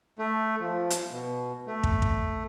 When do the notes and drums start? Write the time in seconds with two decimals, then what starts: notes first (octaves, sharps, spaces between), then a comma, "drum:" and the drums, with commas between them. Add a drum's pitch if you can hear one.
0.19 A3
0.60 F3
0.90 drum: hi-hat
1.11 B2
1.67 A3
1.83 drum: kick
2.02 drum: kick